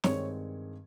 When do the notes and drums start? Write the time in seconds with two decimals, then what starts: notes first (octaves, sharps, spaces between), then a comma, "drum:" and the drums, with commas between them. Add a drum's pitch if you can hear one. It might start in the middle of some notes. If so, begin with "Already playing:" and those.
0.04 G2 D#3 G#3 C4 C#5, drum: snare